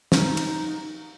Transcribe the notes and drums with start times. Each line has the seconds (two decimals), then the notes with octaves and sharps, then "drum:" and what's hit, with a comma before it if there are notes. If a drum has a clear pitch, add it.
0.12 D#4, drum: snare
0.37 drum: cymbal